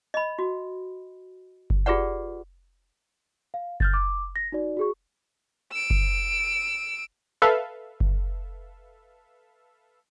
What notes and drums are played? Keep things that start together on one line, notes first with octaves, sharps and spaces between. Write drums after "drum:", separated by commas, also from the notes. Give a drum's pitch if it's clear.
D#5 B5
F#4
drum: kick F#1
F4 G4 G#4 B4 D5 F#5
F5
F6 G6 A6, drum: kick F#1
D6
A#6
D#4 F#4 D5
F#4 G#4 C#6
E6 D7
drum: kick F#1
A4 B4 E5 F5
drum: kick F#1